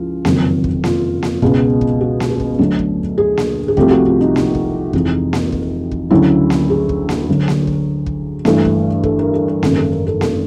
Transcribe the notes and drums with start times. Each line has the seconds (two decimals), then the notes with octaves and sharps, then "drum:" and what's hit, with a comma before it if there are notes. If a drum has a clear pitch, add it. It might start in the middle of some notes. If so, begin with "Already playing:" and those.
Already playing: C#2 F3 E4 F4
0.25 F#1 F2 C3 D#3 F#3, drum: snare A#3
0.64 drum: kick
0.84 F4, drum: snare A#3
1.23 drum: snare A#3
1.42 C#2 B2 G#3 B3, drum: kick
1.81 drum: kick
2.01 F#4
2.20 drum: snare A#3
2.30 G#4
2.40 drum: kick
2.59 D2 D3 F#3 A3 A4
2.79 drum: kick
3.18 G#4
3.37 drum: snare A#3
3.68 G#4
3.77 C2 C3 F3 A3 G4, drum: kick
3.91 F#4
4.06 F4
4.21 D#4
4.36 D#4, drum: snare A#3
4.55 drum: kick
4.93 F2 C3 E3 G#3, drum: kick
5.33 drum: snare A#3
5.52 drum: kick
5.91 drum: kick
6.11 D2 C#3 F#3 E4
6.50 drum: snare A#3
6.70 G#4
6.89 drum: kick
7.09 drum: snare A#3
7.28 D2 D3 F#3
7.48 drum: snare A#3
7.67 drum: kick
8.06 drum: kick
8.45 G2 E3 A3, drum: snare A#3
8.65 drum: kick
9.03 A4, drum: kick
9.19 A#4
9.34 A4
9.48 A#4
9.63 G#1 F#2 C#3 A4, drum: snare A#3
9.77 A4
9.92 A#4
10.07 A4
10.21 A4, drum: snare A#3